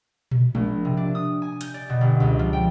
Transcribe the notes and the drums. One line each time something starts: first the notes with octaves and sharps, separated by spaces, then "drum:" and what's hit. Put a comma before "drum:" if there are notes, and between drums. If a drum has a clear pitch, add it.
drum: tom A#2
A#1, drum: tom G#3
C3
D4
D#6
G#5
G6, drum: hi-hat
D5
B2
G1
C#2
F3
G5